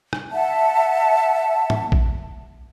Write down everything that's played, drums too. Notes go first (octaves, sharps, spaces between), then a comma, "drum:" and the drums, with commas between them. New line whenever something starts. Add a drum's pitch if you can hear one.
drum: rim click
E5 F#5 A5
drum: tom
drum: kick